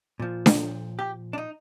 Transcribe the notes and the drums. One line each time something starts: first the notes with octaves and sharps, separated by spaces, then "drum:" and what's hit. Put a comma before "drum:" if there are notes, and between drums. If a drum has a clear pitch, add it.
A#2 F3
drum: snare D4
G4
D4
D#4